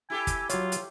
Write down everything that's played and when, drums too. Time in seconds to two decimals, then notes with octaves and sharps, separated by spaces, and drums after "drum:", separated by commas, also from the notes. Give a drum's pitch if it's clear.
0.10 E4 G4 A4 G#5
0.27 drum: kick, hi-hat
0.49 F#3 F4 C#5, drum: hi-hat
0.72 drum: hi-hat